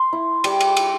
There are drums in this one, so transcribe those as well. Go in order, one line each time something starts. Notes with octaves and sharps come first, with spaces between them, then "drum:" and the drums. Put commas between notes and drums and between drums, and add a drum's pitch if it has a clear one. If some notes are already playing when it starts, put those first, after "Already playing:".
Already playing: C6
E4
G3 D6, drum: cymbal
drum: cymbal
drum: cymbal